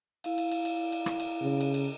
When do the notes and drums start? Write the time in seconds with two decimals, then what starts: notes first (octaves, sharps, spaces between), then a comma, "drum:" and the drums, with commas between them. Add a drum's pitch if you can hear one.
0.24 E4 F5, drum: cymbal
0.38 drum: cymbal
0.51 drum: cymbal
0.65 drum: cymbal
0.92 drum: cymbal
1.06 drum: rim click
1.20 drum: cymbal
1.42 C#3
1.61 drum: cymbal
1.74 drum: cymbal